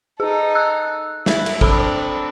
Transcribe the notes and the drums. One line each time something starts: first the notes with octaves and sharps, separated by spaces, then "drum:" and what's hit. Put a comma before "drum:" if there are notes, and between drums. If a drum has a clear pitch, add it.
D#4 G#4 A4
E6 F#6
E4, drum: snare
drum: cymbal
C4 D4 A4 B5 E6, drum: kick A1